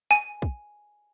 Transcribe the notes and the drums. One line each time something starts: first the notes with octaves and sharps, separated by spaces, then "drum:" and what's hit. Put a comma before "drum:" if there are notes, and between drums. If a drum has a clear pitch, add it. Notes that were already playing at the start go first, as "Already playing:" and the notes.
G#5
drum: kick